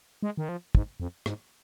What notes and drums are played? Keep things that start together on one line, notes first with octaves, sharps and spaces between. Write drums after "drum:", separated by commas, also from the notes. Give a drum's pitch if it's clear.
G#3
D#3
F3
G#2, drum: kick
F2
G#2, drum: rim click